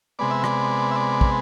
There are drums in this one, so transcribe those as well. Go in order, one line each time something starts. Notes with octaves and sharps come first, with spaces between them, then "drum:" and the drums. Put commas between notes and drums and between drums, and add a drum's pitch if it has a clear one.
C3 G#3 B3 D5
E5
D5, drum: rim click
E5
D5
drum: kick